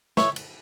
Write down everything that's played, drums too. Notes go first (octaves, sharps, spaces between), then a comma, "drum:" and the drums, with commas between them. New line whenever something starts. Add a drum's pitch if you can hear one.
C#5 E5, drum: snare
drum: cymbal